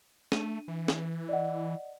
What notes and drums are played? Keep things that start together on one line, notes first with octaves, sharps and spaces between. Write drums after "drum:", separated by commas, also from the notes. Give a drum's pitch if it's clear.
A3 D4 D#7, drum: snare
E3
drum: snare
D5 D#5 F#5